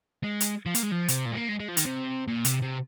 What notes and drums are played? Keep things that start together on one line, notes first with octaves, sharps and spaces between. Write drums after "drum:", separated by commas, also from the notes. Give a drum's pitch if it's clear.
G#3
drum: hi-hat
F3
A#3, drum: hi-hat
G#3
F3
C3, drum: hi-hat
A#2
G#3
A#3
G#3
G#3
F3
D#3, drum: hi-hat
C3
A#2
C3, drum: hi-hat
C3